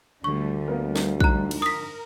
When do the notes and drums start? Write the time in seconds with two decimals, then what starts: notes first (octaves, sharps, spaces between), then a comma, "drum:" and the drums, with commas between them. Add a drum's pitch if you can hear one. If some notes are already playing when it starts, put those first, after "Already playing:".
0.24 D2 D3 G3 A3 C#6
0.68 G3 A#3 B3 A#4
0.96 drum: snare
1.20 F2 G#2 D3 A#5 F#6, drum: kick
1.51 drum: cymbal
1.62 A#4 D#6 B6